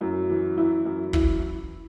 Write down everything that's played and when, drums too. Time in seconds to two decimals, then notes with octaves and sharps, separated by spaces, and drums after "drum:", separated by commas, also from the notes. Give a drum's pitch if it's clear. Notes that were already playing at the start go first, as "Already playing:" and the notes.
0.01 F#2 E4
0.30 E3
0.57 E3 E4
0.85 F#2
1.13 E3 E4, drum: kick